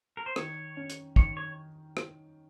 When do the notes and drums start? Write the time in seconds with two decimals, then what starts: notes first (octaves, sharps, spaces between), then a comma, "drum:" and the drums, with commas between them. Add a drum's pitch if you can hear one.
0.17 A#4
0.26 C5
0.36 D#3 C#5, drum: rim click
0.77 C#4
0.90 drum: hi-hat
1.16 D#3 C#5, drum: kick
1.37 C#5
1.97 drum: rim click